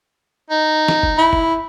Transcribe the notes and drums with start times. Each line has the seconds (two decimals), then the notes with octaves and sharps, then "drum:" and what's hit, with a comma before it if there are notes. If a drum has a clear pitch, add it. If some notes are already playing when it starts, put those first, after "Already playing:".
0.50 D#4
0.88 drum: snare
1.03 drum: kick
1.18 E4
1.33 drum: kick